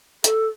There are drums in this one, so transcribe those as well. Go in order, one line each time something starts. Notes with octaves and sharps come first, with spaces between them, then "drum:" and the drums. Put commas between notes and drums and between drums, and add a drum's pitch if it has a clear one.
A4, drum: hi-hat